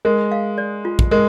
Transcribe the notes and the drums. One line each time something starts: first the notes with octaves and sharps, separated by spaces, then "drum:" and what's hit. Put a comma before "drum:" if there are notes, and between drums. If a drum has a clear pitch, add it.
G#3 A#4
F5
D5
F4
drum: kick
G#3 A#4